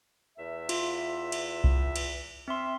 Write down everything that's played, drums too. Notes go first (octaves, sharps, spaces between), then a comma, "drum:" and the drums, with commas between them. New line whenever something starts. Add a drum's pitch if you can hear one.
E2 E5
F4, drum: cymbal
drum: cymbal
drum: kick C2
drum: cymbal
C4 E5 C6